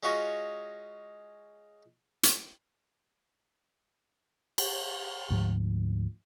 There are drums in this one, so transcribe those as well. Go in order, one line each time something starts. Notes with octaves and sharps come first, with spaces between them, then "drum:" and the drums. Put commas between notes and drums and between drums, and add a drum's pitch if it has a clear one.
G#3 C#4 F4 F#4 C#5 D#5
drum: hi-hat
drum: cymbal
D2 G#2 F3